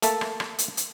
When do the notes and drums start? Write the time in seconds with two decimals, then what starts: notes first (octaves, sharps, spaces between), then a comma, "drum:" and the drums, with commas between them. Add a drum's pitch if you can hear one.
0.02 A3 A#3 A4 E5 A5, drum: hi-hat
0.21 drum: rim click
0.40 drum: rim click
0.59 drum: hi-hat
0.77 drum: hi-hat